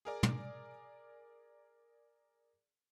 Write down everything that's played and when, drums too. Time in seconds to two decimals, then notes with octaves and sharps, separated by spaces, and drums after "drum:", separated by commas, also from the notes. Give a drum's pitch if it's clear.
0.05 G#4 A#4 D5
0.23 drum: tom